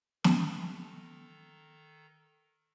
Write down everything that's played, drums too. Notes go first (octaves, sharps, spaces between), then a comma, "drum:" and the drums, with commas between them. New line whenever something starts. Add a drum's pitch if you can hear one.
D#3 A4 A#5, drum: snare